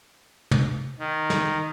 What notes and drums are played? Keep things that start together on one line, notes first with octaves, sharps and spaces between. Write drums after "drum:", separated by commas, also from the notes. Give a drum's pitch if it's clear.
drum: tom
D#3
drum: snare